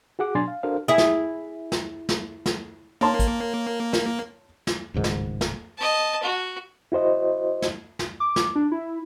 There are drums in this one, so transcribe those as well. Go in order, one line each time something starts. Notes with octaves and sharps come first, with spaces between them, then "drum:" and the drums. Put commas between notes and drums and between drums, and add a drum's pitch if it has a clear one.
F#4 G#4 F#5 D6
B2 F#3 D4 G#5 C6 A6
F5
D4 F#4 A4 A#4 C5 F5
E4 G#4
drum: snare
drum: snare
drum: snare
drum: snare
A#3 C#5 A5 C6
drum: kick, hi-hat
drum: snare
drum: snare
D1 C#2 G#2 D#3
drum: snare
drum: snare
D#5 A5
F#4
E4 F#4 C5 D#5
drum: snare
drum: snare
D6
drum: snare
D4
E4